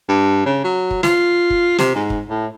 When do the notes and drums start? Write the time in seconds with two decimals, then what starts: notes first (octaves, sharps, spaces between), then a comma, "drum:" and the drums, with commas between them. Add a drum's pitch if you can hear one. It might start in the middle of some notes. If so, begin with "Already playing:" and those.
0.08 G2
0.46 C#3
0.64 F#3
0.91 drum: kick
1.03 F4, drum: snare
1.50 drum: kick
1.78 C3, drum: snare
1.95 G#2
2.10 drum: kick
2.30 A2